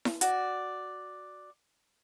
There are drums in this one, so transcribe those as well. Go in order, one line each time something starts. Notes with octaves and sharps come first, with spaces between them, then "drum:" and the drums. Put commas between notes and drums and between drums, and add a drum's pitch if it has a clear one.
drum: snare E4
F#4 D5, drum: hi-hat